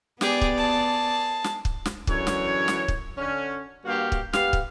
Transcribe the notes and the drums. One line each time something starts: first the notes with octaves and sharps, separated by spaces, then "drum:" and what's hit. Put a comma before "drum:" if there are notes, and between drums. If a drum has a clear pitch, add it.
B3 G4 G#4 D5, drum: snare
drum: kick
G#4 A5
drum: snare
drum: kick
drum: snare
F#2 D3 E3 C#5, drum: kick
drum: snare
drum: snare
drum: kick
D3 C#4
G2 A#3 F#4 G4 F5
drum: kick
B3 G4 F5, drum: snare
drum: kick